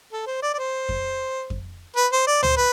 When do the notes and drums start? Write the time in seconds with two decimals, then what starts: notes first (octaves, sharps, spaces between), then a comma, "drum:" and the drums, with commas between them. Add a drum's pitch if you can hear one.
0.13 A4
0.27 C5
0.42 D5
0.54 D5
0.58 C5
0.89 drum: kick F2
1.50 drum: kick F2
1.96 B4
2.12 C5
2.27 D5
2.43 C5, drum: tom
2.57 B4